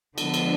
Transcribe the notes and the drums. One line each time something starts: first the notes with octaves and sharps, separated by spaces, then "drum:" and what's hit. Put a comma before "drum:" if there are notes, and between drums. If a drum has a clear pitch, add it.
D3 F3 G#3 B3 D4, drum: cymbal
drum: cymbal